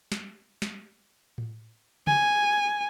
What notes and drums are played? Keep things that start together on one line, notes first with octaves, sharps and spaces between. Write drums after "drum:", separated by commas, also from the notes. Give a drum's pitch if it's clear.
drum: snare
drum: snare
drum: tom A2
G#5, drum: tom